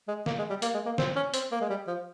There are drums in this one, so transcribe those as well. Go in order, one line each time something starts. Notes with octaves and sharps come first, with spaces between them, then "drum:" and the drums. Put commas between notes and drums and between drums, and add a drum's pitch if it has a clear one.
G#3
A#3, drum: snare
G#3
G3
A#3, drum: hi-hat
G#3
A#3
C4, drum: snare
C#4
C4, drum: hi-hat
A#3
G#3
G3
F3